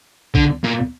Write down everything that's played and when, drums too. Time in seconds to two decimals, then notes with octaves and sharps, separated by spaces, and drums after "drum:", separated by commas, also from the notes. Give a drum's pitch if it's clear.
0.35 D3, drum: kick A#1
0.64 A#2